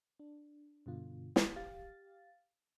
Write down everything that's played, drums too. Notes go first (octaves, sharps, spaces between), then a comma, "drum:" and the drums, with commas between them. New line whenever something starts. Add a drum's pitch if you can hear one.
D4
G2 B2 D3 F4
drum: snare
G4 F5 A6